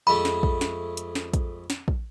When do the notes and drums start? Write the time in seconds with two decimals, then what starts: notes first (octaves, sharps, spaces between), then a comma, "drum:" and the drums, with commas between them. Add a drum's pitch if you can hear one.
0.07 F2 G#3 A3 B5
0.25 drum: snare
0.43 drum: kick
0.61 drum: snare
0.97 drum: hi-hat
1.15 drum: snare
1.34 drum: kick, hi-hat
1.70 drum: snare
1.88 drum: kick